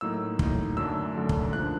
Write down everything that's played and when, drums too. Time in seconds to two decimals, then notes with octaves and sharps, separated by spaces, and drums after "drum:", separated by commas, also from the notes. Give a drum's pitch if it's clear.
0.01 A2 F#3 A#3 D#4 E6
0.39 A2 F#3 A#3 D#4, drum: kick
0.77 F#2 D3 F#3 A3 D4 E6
1.15 F#2 D3 F#3 A3 D4
1.29 drum: kick
1.53 G#2 F3 A#3 D4 F#6